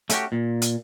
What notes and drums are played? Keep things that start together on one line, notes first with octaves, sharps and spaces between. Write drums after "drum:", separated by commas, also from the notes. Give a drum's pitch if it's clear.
A3 C#4 E4 F#4 G4, drum: hi-hat
A#2
drum: hi-hat